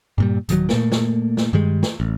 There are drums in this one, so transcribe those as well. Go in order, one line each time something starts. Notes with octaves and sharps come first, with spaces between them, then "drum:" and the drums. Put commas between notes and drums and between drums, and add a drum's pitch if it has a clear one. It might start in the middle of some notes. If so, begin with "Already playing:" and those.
G2 A#2 G3
D1 D#3 F3 F#3, drum: hi-hat
A#2 A3 A#3, drum: snare
drum: snare
drum: snare
G2 D#3 G3 G#3
drum: snare
A1